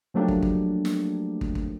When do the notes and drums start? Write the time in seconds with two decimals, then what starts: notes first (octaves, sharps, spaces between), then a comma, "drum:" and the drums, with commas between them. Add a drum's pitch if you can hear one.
0.14 F3 F#3 A3 A#3 D4 G4
0.28 drum: kick
0.42 drum: kick
0.85 drum: snare
1.41 drum: kick
1.55 drum: kick